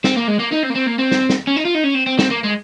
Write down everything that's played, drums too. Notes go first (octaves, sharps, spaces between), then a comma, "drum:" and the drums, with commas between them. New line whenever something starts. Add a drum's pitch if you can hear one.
C4, drum: snare
A#3
G#3
A#3
D#4
C4
A#3
C4
A#3
C4
drum: snare
drum: snare
C#4
D#4
F4
D#4
C#4
C4
C4
C4, drum: snare
A#3
G#3